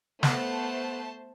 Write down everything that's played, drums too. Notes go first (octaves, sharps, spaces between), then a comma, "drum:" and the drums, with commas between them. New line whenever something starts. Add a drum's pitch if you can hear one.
A3 B3 C5 A5, drum: snare